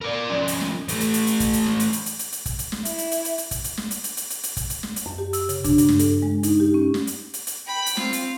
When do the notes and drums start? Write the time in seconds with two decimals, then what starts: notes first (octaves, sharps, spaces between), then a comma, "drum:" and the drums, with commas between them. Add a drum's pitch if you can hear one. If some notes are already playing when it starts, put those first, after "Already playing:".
0.01 A#4 D5
0.30 F3 C#4
0.48 drum: hi-hat
0.61 drum: snare
0.88 E3 A3, drum: hi-hat
1.00 drum: hi-hat
1.14 drum: hi-hat
1.27 drum: hi-hat
1.40 drum: kick, hi-hat
1.53 drum: hi-hat
1.66 drum: snare
1.80 drum: hi-hat
1.93 drum: hi-hat
2.06 drum: hi-hat
2.19 drum: hi-hat
2.32 drum: hi-hat
2.46 drum: kick, hi-hat
2.59 drum: hi-hat
2.72 drum: snare
2.85 E4, drum: hi-hat
2.98 drum: hi-hat
3.11 drum: hi-hat
3.25 drum: hi-hat
3.38 drum: hi-hat
3.51 drum: kick, hi-hat
3.64 drum: hi-hat
3.77 drum: snare
3.91 drum: hi-hat
4.04 drum: hi-hat
4.17 drum: hi-hat
4.30 drum: hi-hat
4.43 drum: hi-hat
4.57 drum: kick, hi-hat
4.70 drum: hi-hat
4.83 drum: snare
4.96 drum: hi-hat
5.06 F#2
5.18 G4
5.33 E6, drum: hi-hat
5.49 C#3, drum: hi-hat
5.64 D4, drum: kick, hi-hat
5.78 G2, drum: hi-hat
5.88 drum: snare
5.99 A4, drum: hi-hat
6.22 G#3
6.43 D#4, drum: hi-hat
6.60 G4
6.74 C#4
6.94 drum: snare
7.07 drum: hi-hat
7.34 drum: hi-hat
7.47 drum: hi-hat
7.66 G5 B5
7.86 drum: hi-hat
7.97 C4 F4, drum: snare
8.13 drum: hi-hat